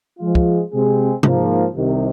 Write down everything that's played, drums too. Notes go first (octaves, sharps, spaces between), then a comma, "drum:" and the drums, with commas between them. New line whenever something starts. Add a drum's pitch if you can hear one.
F3 G#3 F4
drum: kick
C3 G#3 C4 G#4
G#2 F3 A#3, drum: tom C3
C2 C3 D#3